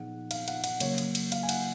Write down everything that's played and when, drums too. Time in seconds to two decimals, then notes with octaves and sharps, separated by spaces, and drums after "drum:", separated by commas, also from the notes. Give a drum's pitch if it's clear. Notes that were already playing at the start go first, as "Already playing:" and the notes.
Already playing: A#2 F3 B3 D#4 G#4 F#5
0.31 F5, drum: cymbal
0.48 F#5, drum: cymbal
0.64 F#5, drum: cymbal
0.80 C#3 F#3 A#3 C#5, drum: cymbal
0.98 drum: cymbal
1.15 drum: cymbal
1.32 F5, drum: cymbal
1.43 G#5
1.49 F#5, drum: cymbal